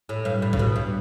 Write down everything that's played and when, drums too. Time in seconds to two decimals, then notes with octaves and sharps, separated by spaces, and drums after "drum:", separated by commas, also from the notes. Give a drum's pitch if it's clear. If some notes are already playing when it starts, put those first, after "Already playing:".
0.09 A2
0.25 G2
0.42 A2
0.53 C#3, drum: kick B1
0.59 B2
0.76 G2